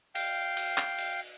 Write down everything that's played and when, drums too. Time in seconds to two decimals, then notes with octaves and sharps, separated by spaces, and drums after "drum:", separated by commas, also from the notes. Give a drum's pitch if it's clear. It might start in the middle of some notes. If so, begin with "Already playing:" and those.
0.15 F5 G5, drum: cymbal
0.57 drum: cymbal
0.78 drum: clap
0.98 drum: cymbal